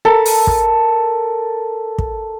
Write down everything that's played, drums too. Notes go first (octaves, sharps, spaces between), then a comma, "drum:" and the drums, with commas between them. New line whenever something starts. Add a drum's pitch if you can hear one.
A4 A#4 A5 B5
drum: open hi-hat
drum: kick
drum: kick